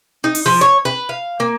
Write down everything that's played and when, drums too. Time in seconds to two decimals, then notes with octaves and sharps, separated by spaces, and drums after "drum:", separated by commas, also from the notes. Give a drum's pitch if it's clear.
0.24 D#4
0.35 drum: open hi-hat
0.46 F3
0.61 C#5
0.85 B4
1.09 F5
1.40 A#3